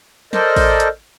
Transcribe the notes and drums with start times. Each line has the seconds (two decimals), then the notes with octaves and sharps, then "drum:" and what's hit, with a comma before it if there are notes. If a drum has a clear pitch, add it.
0.33 A4 A#4 C5 D5 D#5, drum: snare
0.56 drum: kick A1, open hi-hat
0.80 drum: hi-hat